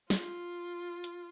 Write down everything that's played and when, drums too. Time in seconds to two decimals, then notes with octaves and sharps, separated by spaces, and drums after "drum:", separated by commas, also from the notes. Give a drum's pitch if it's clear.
0.10 F4, drum: snare
1.04 drum: hi-hat